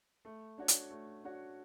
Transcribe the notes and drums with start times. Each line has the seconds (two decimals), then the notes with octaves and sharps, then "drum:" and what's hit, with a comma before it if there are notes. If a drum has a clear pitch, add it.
0.25 A3
0.58 D4 F#4 C#5
0.68 drum: hi-hat
0.90 A3
1.24 D4 F#4 C#5